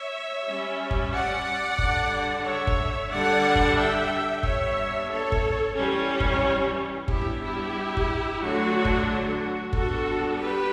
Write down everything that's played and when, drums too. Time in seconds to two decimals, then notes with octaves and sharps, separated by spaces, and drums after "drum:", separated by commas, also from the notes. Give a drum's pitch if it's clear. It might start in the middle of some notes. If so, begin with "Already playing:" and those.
Already playing: C#5 E5
0.47 G3 C#4
0.91 drum: kick F#1
1.13 D5 F#5
1.78 D3 G3 D4, drum: kick F#1
2.46 C#5 E5
2.67 drum: kick F#1
3.11 D3 G3 D4 D5 F#5
3.55 drum: kick F#1
3.78 E5 G5
4.43 G3 B3 D4 C#5 E5, drum: kick F#1
5.10 A4 C#5
5.32 drum: kick F#1
5.76 E3 G3 C#4
6.20 drum: kick F#1
7.08 G3 B3 D4 E4 G4, drum: kick F#1
7.42 E4 G4
7.97 drum: kick F#1
8.41 D3 F#3 A3 D4 F#4
8.85 drum: kick F#1
9.07 F#4
9.73 G3 B3 D4 F#4 A4, drum: kick F#1
10.39 G4 B4